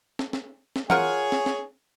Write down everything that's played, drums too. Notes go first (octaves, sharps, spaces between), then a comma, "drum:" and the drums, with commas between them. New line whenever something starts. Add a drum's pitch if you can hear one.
drum: snare
drum: snare
drum: snare
F4 G#4 A#4 C#5 F#5 G#5, drum: tom E3
drum: snare
drum: snare